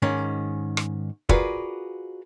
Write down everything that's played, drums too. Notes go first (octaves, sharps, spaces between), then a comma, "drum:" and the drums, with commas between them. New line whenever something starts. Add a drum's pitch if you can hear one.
G#2 D#3 C#4
drum: rim click
F4 F#4 G#4 A#4 B4 D5, drum: kick